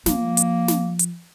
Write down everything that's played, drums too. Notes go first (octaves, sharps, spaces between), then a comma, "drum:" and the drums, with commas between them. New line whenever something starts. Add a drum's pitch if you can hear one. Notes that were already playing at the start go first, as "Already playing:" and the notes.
F3 A#3, drum: snare
drum: hi-hat
drum: snare
drum: hi-hat